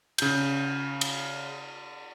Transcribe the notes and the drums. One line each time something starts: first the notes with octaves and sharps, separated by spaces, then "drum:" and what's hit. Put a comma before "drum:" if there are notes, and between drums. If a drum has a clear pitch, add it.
C#3 G6, drum: cymbal
drum: cymbal